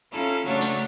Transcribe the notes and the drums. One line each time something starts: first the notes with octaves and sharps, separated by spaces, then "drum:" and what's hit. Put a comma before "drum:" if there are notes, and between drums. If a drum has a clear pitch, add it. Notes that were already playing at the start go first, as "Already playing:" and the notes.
C#4 E4 F4 A4 A#5
C#3 F#3 A3 D4 C#5
drum: hi-hat